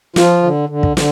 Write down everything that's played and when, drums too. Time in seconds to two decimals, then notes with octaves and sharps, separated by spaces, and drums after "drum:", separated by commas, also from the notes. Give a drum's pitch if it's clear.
0.16 F3 F4, drum: snare
0.43 D3
0.69 D3
0.83 drum: kick
0.97 D3, drum: snare